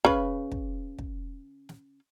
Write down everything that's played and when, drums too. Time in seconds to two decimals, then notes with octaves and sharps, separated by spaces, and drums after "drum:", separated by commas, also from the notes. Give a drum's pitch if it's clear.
0.05 C#3 B4, drum: kick
0.52 drum: kick
0.98 drum: kick
1.69 drum: snare